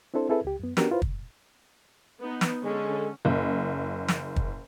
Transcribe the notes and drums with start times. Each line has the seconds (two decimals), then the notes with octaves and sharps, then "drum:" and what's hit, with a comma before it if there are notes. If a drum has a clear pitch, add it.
0.14 C4 D4 E4 A4 C5
0.29 C4 E4 G#4 A4 B4 E5
0.45 C#2 G4
0.60 F#2 B3
0.77 B3 C#4 D4 F#4 G4 A#4, drum: snare
0.90 E4 F4 B4 C5
1.02 drum: kick
2.21 B3 D#4
2.41 drum: snare
2.63 D3 G#3 C#4 A4
3.25 F#1
4.08 drum: snare
4.36 drum: kick